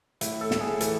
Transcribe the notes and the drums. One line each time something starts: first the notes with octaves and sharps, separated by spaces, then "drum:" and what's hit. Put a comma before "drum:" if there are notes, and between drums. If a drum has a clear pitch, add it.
A2 E4, drum: hi-hat
A4
A2, drum: snare
G#4
E3 A4, drum: hi-hat